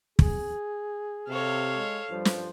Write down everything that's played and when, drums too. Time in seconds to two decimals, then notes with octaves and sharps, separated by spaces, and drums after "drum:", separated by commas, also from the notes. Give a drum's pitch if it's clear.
0.19 G#4, drum: kick
1.29 C3 A4 C#5 F5
1.71 G#3
2.10 G2 F3 G3 C5
2.25 drum: snare